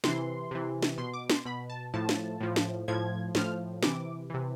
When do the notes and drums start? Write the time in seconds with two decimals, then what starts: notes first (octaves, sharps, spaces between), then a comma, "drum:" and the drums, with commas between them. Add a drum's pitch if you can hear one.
0.04 C3 E3 C6, drum: snare
0.51 C3 E3
0.83 drum: snare
0.98 B2 C6
1.14 D6
1.30 C6, drum: snare
1.46 B2 B5
1.70 A5
1.94 A2 F3 A5
2.09 drum: snare
2.41 A2 F3
2.56 drum: snare
2.88 A2 F3 G#6
3.35 A2 F3 F6, drum: snare
3.83 C3 E3 D6, drum: snare
4.30 C3 E3